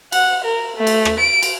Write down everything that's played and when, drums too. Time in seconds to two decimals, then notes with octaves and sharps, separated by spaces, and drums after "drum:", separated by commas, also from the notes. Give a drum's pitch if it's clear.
0.12 F#5, drum: cymbal
0.45 A#4
0.76 A3
0.87 drum: cymbal
1.05 drum: rim click
1.19 D7
1.43 drum: cymbal